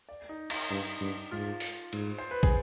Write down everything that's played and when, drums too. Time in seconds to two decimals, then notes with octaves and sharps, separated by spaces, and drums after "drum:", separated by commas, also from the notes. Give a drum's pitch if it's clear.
0.09 D5
0.29 D#4
0.50 D#4, drum: cymbal
0.69 G2 D#4
1.01 G2
1.31 G#2 F4
1.60 drum: open hi-hat
1.93 G#2, drum: cymbal
2.18 C5
2.31 B4
2.43 G#4, drum: kick